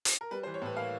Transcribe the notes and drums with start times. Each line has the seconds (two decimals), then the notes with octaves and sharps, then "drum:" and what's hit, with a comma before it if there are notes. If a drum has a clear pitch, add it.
0.05 drum: hi-hat
0.21 A#4
0.31 G3 B4
0.43 C5
0.47 E3
0.54 C#5
0.62 A2 B4
0.76 A#3 F5